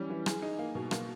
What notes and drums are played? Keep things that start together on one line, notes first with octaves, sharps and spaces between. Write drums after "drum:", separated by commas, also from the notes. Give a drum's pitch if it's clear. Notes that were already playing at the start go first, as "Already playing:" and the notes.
Already playing: E3 G3 C#4
E3
G#4, drum: rim click
D#4
A#3
B2
A#3, drum: rim click